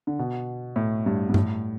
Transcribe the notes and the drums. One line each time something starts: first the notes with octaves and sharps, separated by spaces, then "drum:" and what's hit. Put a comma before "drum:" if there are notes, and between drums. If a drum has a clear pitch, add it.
D3
B2
A2
G2
G2
A2, drum: tom G2